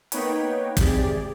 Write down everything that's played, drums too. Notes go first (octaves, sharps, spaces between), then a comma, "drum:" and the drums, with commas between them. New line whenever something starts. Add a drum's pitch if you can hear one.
A#3 B3 D#4 B4 C#5 G5, drum: hi-hat
G#1 C3 G4 G#4 D5, drum: kick, hi-hat